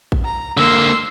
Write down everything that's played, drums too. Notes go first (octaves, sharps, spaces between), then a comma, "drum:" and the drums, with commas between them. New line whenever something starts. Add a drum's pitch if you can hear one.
drum: kick A1
A#5
D3 A#3 C6 E6